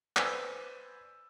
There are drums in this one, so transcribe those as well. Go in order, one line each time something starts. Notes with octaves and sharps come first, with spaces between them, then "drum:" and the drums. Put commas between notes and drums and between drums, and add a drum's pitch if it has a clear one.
B4 C5 D5 G#5 E6, drum: clap